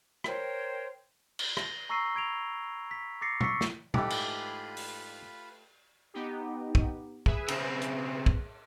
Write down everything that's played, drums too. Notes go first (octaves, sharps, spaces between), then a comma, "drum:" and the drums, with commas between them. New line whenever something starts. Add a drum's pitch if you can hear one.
A#4 C5 C#5 G5, drum: rim click
drum: cymbal
A#6 G7, drum: rim click
A#5 C#6 E6 A#6 C7 D#7
B5 G#6 D7 F7
B6
D6 E6 A6 A#6 C7 C#7
C#6 E6 A6 B6 C#7, drum: tom A#2
drum: snare
G#2 E3 A3 F4 G4 B4 B5, drum: tom A#2
drum: cymbal
drum: open hi-hat
B3 D#4 G4
drum: kick
G#4 B4 E5, drum: kick
C#3 C4, drum: cymbal
drum: hi-hat
drum: kick